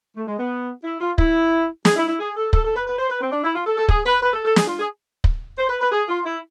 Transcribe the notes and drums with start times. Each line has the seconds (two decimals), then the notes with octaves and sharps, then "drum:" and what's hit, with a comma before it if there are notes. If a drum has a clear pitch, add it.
0.16 A3
0.27 G#3
0.39 B3
0.84 E4
1.01 F4
1.18 E4, drum: kick
1.85 G#4, drum: snare
1.96 E4
2.08 E4
2.19 G#4
2.36 A4
2.53 A4, drum: kick
2.65 A4
2.76 B4
2.87 B4
2.98 C5
3.10 B4
3.21 C4
3.32 D4
3.44 E4
3.55 F4
3.66 A4
3.77 A4
3.89 G#4, drum: kick
4.06 B4
4.22 B4
4.33 A4
4.45 A4
4.56 G#4, drum: snare
4.67 F4
4.79 G#4
5.24 drum: kick
5.58 C5
5.69 B4
5.81 B4
5.92 G#4
6.08 F4
6.25 E4